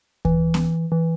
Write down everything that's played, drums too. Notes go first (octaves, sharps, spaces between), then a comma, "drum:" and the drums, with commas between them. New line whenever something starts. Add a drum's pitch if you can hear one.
E3, drum: kick D2
drum: snare B3
E3